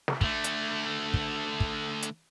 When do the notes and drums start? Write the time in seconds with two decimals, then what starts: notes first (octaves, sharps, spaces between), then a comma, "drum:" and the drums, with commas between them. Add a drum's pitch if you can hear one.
0.08 drum: snare
0.21 D3 A3, drum: kick
0.44 drum: hi-hat
1.14 drum: kick
1.60 drum: kick
2.02 drum: hi-hat